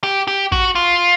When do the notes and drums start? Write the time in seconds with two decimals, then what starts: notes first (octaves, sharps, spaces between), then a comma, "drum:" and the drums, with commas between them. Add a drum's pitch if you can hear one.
0.03 G4
0.28 G4
0.52 F#4, drum: kick
0.75 F4